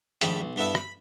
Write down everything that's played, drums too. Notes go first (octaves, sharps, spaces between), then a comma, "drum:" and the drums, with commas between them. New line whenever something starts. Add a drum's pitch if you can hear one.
A#1 G#2 D#3 A3 G4 B5, drum: hi-hat
B1
G2 B3 E4 A4 E5
B5, drum: rim click